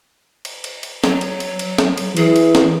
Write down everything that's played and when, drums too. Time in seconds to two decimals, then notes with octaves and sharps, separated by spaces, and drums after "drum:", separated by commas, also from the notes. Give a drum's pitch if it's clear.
0.45 drum: cymbal
0.64 drum: cymbal
0.83 drum: cymbal
1.04 F#3, drum: snare
1.21 drum: cymbal
1.40 drum: cymbal
1.59 drum: cymbal
1.78 drum: snare
1.98 drum: cymbal
2.17 E3 G#4, drum: cymbal
2.36 drum: cymbal
2.55 drum: snare